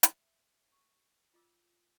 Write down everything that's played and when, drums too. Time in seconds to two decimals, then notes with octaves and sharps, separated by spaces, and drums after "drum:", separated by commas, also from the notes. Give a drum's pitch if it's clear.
0.03 E5, drum: hi-hat
0.72 C#6
1.34 F4 D#5 D6 E6